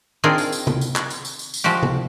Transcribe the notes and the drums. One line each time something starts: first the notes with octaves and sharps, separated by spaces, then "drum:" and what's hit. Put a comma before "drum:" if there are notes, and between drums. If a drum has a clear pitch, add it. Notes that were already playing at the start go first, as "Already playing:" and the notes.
D#3 C4 D4 F4 G#4 A#4
drum: tambourine
drum: tambourine
drum: tom C3
drum: tambourine
drum: clap
drum: tambourine
drum: tambourine
drum: tambourine
drum: tambourine
F3 G#3 F#4 G4
drum: tom C3